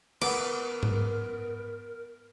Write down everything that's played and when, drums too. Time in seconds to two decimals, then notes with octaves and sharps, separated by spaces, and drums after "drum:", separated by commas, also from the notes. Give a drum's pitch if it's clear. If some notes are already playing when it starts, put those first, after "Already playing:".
0.21 B3 A#4 F#5 B5 D6, drum: cymbal
0.83 drum: tom G#2